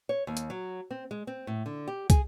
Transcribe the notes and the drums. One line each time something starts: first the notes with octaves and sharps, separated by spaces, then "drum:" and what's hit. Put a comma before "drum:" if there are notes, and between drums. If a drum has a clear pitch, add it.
C#5
D#2
drum: hi-hat
F#3
C4
G#3
C4
A2
D3
G4
G#4, drum: kick, hi-hat